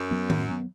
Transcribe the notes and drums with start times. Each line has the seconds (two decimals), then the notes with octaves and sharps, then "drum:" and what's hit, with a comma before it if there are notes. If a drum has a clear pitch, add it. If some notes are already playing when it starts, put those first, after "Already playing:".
Already playing: F#2
0.11 F#3 B3
0.30 A2, drum: tom D#3
0.48 F#3 B3